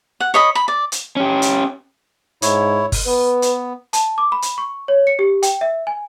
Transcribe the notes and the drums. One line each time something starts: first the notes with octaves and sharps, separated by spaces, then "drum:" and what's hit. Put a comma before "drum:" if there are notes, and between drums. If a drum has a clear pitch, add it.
F#5
C#5 D#5 B5
B5
D5
drum: hi-hat
C#4 G4
drum: hi-hat
G#2 E4 C#5, drum: hi-hat
drum: kick G1, open hi-hat
B3 B4
drum: hi-hat
A5, drum: hi-hat
D6
B5
drum: hi-hat
C#6
C#5
C#7
G4
G5, drum: hi-hat
E5
G#5